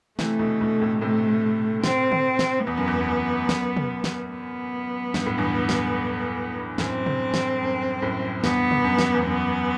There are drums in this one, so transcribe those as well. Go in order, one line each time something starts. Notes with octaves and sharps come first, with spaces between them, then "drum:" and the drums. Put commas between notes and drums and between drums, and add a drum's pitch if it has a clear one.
C3 E3 A3, drum: snare
B2 D3
B2 D3
A2 C3
A2 C3 A3
C4, drum: snare
drum: tom
drum: snare
E2 B3
F#2
E2
F#2
E2
F#2, drum: snare
drum: tom
drum: snare
B3
G2, drum: snare
A2
E2 G2
drum: snare
F#2 A2 C4, drum: snare
drum: tom
drum: snare
F#2
F#2 A2
E2 G2 B3, drum: snare
drum: tom
F#2
drum: snare
E2
F#2 B3